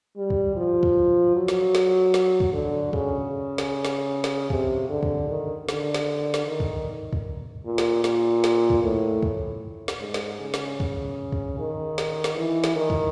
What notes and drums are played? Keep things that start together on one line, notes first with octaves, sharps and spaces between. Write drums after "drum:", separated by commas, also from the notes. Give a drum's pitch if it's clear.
G3
drum: kick
F3
drum: kick
F#3
drum: snare
drum: snare
drum: snare
drum: kick
D3
C#3, drum: kick
drum: snare
drum: snare
drum: snare
C3, drum: kick
D3
drum: kick
D#3
D3, drum: snare
drum: snare
drum: snare
D#3
drum: kick
drum: kick
A#2
drum: snare
A#2, drum: snare
drum: snare
drum: kick
A2
drum: kick
drum: snare
G#2
drum: snare
C#3
drum: snare
drum: kick
drum: kick
D#3
drum: snare
drum: snare
E3
drum: snare
D#3
drum: kick